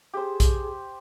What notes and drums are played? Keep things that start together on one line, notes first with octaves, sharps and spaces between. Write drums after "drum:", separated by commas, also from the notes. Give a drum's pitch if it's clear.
G4 G#4 C5
drum: kick, hi-hat